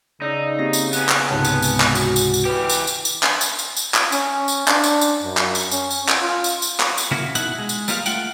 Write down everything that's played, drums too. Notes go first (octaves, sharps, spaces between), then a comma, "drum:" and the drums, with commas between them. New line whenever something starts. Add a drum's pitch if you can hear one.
C#3 D#4 D5 D#6 E6
A#3 C4 G4 A#6
drum: tambourine
B3 C#4, drum: tambourine
drum: clap
C#2 G#2 C3 C#5 A5
drum: tambourine
drum: tambourine
drum: clap
F#4, drum: tambourine
drum: tambourine
drum: tambourine
E3 G4 B4 G5
drum: tambourine
drum: tambourine
drum: tambourine
drum: clap
drum: tambourine
drum: tambourine
drum: tambourine
drum: clap
C#4, drum: tambourine
drum: tambourine
D4, drum: clap
drum: tambourine
drum: tambourine
F#2
drum: clap
drum: tambourine
C#4, drum: tambourine
drum: tambourine
drum: clap
F4
drum: tambourine
drum: tambourine
drum: clap
drum: tambourine
C#3 A#3 E4 F#4
B2 D#4 E4 F#5, drum: tambourine
G#3
drum: tambourine
G3 A#3 B3 F4 E5 F5, drum: tambourine
A3 F4 F#5 G5, drum: tambourine